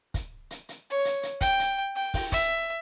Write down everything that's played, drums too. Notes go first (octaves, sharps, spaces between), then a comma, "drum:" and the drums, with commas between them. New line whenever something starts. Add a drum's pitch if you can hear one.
drum: kick, hi-hat
drum: hi-hat
drum: hi-hat
C#5
drum: hi-hat
drum: hi-hat
G5, drum: kick, hi-hat
drum: hi-hat
G5
drum: kick, open hi-hat
E5, drum: kick, hi-hat